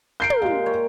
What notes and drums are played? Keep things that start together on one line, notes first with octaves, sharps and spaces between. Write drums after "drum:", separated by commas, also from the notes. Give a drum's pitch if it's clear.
A#4 F5 G6 C7 D7
drum: tom
A#2 G#3 G4 F5
A#4 C#5 G5